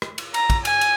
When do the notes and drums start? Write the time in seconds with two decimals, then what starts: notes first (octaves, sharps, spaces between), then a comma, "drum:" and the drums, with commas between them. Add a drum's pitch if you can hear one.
0.02 drum: rim click
0.18 drum: cymbal
0.34 A#5, drum: cymbal
0.50 drum: kick, cymbal
0.65 G#5, drum: cymbal
0.81 drum: cymbal